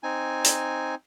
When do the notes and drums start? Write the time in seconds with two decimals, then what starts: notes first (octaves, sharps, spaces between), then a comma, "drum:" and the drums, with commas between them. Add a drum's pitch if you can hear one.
0.03 C4 D#4 G#5
0.44 drum: hi-hat